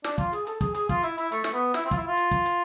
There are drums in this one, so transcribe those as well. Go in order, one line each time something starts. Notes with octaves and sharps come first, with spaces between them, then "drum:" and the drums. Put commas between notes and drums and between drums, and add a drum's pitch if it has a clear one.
D4, drum: snare
F4, drum: kick, hi-hat
G#4, drum: hi-hat
A4, drum: hi-hat
G#4, drum: kick, hi-hat
G#4, drum: hi-hat
F4, drum: kick, hi-hat
E4, drum: hi-hat
E4, drum: hi-hat
A3, drum: hi-hat
A3, drum: snare
B3
E4, drum: snare
C4
F4, drum: kick, hi-hat
E4
F4
drum: hi-hat
drum: kick, hi-hat
drum: hi-hat